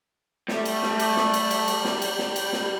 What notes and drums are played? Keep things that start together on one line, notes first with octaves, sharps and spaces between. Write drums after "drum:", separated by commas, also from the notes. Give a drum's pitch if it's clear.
G3 A3, drum: snare
drum: cymbal
drum: snare
drum: cymbal
drum: snare
drum: cymbal
drum: cymbal
drum: cymbal
drum: snare
drum: cymbal
drum: snare
drum: cymbal
drum: snare